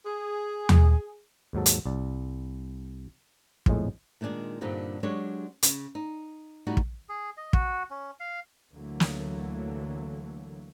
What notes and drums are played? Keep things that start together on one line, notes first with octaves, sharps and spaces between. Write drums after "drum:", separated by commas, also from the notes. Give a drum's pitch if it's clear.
G#4
drum: tom
D#2 G#2 F#3 A4
drum: hi-hat
C2 D5
A#1 F2 A2 G#3, drum: kick
A#2 D#3 G#3 D4 G#4
G2 A#2 D3 G3 C4 D#4
F#3 G#3 D4 G4 A4 C#5
C#3, drum: hi-hat
D#4
A2 G3 D#4 F#4
drum: kick
G#4
D#5
F#4, drum: kick
C#4
F5
D2 D3 E3 F#3 A3 A#3
drum: snare